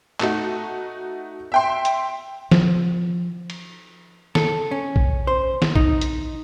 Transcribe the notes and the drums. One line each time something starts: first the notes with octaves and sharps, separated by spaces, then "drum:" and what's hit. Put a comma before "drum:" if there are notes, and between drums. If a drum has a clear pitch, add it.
A3 D#4 F#4, drum: clap
E5 G5 C6
drum: hi-hat
F3, drum: snare
drum: cymbal
A4, drum: snare
C#4
drum: kick A#1
C5
drum: snare
D#4, drum: kick A#1
drum: hi-hat